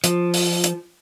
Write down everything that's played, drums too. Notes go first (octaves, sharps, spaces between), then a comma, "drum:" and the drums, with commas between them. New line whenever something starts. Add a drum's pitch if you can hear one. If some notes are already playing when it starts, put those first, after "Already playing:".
F3, drum: hi-hat
drum: open hi-hat
drum: hi-hat